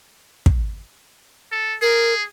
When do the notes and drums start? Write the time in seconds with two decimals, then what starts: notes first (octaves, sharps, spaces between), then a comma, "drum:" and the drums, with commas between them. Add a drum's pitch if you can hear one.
0.46 drum: kick
1.52 A4
1.82 G#4 A#4